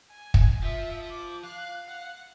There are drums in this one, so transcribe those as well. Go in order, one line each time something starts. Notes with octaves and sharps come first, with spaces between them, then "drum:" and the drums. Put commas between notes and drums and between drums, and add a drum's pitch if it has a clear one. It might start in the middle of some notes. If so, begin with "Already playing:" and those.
G#5
drum: kick
F3 E5
D6
F5 F#6
F#5